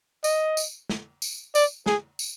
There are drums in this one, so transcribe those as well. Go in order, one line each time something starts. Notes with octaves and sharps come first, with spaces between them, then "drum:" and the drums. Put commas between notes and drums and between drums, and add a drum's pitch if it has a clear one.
D#5, drum: tambourine
drum: tambourine
drum: snare
drum: tambourine
D5, drum: tambourine
G#4, drum: snare
drum: tambourine